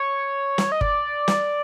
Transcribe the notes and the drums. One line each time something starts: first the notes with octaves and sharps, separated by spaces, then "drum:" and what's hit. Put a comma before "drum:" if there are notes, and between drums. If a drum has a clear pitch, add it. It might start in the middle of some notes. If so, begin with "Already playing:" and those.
Already playing: C#5
drum: snare
D#5
D5, drum: kick G1
drum: snare